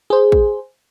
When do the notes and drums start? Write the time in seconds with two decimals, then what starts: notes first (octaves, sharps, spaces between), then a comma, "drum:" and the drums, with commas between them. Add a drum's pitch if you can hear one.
0.10 G#4 C5
0.32 drum: kick